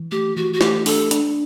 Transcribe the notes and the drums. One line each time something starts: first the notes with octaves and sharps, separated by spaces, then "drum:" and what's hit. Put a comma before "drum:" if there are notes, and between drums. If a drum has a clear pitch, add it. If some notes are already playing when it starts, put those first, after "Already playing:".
Already playing: E3
A3 G4
E3 F#4
F#4
A3 G4, drum: snare
D4 A4, drum: open hi-hat
D4, drum: hi-hat